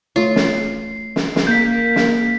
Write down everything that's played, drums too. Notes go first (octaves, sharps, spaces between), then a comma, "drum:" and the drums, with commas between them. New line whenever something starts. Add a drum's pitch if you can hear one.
A3 F4 C#5 C7
drum: snare
drum: snare
drum: snare
A#3 G6 B6
drum: snare